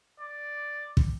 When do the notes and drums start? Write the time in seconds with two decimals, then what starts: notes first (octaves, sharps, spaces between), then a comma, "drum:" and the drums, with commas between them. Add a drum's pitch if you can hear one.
0.20 D5
0.97 drum: kick